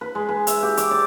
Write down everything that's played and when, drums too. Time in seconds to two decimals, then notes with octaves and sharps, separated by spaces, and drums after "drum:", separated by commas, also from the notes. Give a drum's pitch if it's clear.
0.01 B4
0.15 G#3
0.29 B4
0.47 E5, drum: hi-hat
0.63 G4
0.77 D6, drum: hi-hat
0.91 D5